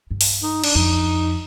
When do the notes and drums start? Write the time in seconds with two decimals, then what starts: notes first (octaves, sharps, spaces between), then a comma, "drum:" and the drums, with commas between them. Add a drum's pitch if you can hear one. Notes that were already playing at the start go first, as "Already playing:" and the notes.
0.11 G2
0.21 drum: open hi-hat
0.43 D#4
0.64 D4, drum: cymbal
0.75 F2 D#4